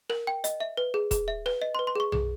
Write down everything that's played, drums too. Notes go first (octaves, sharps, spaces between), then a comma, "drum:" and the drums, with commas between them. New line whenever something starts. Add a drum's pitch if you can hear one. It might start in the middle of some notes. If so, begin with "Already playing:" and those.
A#4, drum: rim click
G5
D#5, drum: hi-hat
E5
B4
G#4
G#4, drum: kick E1, hi-hat
E5
B4, drum: rim click
D#5
C6
B4
C6
G#4 C#6
G#4, drum: tom B1